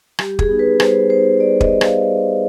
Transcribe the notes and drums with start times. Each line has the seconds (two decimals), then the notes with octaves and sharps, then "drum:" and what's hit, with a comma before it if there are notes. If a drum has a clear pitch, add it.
0.19 G3 G4, drum: rim click
0.39 G#4, drum: kick
0.49 B3 D#4
0.59 B4
0.80 G3 C5, drum: rim click
1.10 B3 D#4 C5
1.40 G3 D5
1.61 D#5, drum: kick
1.71 B3 D#4
1.81 F5, drum: rim click
2.01 G3
2.32 D#4